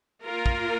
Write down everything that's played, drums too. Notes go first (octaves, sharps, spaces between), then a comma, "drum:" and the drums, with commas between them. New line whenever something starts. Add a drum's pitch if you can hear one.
A#3 F4 A#4
drum: kick